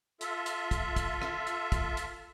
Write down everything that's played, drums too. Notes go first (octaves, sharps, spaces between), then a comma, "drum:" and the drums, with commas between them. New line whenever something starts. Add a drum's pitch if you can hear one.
F4 A4 E5, drum: hi-hat
drum: hi-hat
drum: kick, hi-hat
drum: kick, hi-hat
drum: rim click
drum: hi-hat
drum: kick, hi-hat
drum: hi-hat